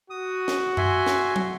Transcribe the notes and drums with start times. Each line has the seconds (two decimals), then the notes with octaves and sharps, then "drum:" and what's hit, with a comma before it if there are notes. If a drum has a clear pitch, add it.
0.10 F#4 D#6
0.48 drum: snare
0.77 E5 G#5 C6, drum: tom F#2
1.06 drum: snare
1.36 drum: tom